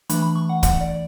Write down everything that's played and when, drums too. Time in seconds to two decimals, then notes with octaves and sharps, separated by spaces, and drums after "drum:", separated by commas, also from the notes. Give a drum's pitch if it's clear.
0.10 E3 A3 D4 B5, drum: hi-hat
0.22 B5
0.36 C#6
0.49 F#5
0.63 F#5, drum: kick, hi-hat
0.81 D5